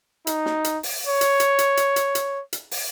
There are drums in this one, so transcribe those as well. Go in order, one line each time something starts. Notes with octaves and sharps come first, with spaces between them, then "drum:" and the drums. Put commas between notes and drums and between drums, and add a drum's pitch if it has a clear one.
D#4, drum: hi-hat
drum: snare
drum: hi-hat
drum: open hi-hat
C#5
drum: hi-hat
drum: hi-hat
drum: hi-hat
drum: hi-hat
drum: hi-hat
drum: hi-hat
drum: hi-hat
drum: open hi-hat